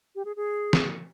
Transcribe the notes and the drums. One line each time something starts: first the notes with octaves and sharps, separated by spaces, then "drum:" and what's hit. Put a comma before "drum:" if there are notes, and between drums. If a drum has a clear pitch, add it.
G4
G#4
G#4
drum: snare